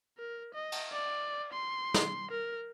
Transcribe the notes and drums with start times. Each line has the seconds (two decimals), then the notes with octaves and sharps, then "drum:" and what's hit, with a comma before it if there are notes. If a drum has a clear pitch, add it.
0.18 A#4
0.54 D#5
0.72 drum: cymbal
0.93 D5
1.53 C6
1.94 drum: snare
2.31 A#4